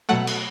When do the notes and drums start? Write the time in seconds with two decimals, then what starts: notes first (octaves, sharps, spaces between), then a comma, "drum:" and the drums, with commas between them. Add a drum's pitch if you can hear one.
0.09 B2 F#3 A3 F#5
0.27 drum: cymbal